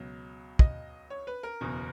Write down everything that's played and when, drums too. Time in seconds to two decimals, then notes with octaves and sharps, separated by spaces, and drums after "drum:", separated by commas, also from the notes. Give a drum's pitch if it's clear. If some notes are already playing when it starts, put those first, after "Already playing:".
Already playing: C#2 B2 F#3
0.59 D#5, drum: kick
1.10 C#5
1.27 B4
1.43 A#4
1.61 F#1 E2 B2